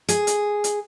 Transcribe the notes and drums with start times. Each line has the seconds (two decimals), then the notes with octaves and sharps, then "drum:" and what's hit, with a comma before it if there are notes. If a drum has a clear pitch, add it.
0.09 G#4, drum: hi-hat
0.27 drum: hi-hat
0.64 drum: hi-hat